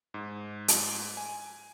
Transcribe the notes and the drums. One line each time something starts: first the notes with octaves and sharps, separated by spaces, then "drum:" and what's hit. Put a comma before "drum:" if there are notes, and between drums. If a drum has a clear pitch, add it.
G#2
drum: hi-hat
G#5